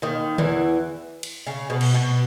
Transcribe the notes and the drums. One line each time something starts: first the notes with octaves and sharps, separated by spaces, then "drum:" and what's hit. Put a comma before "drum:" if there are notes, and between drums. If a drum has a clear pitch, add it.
D#2 D#3
E2 E3, drum: tom D3
drum: cymbal
C#3
B2
drum: cymbal
B2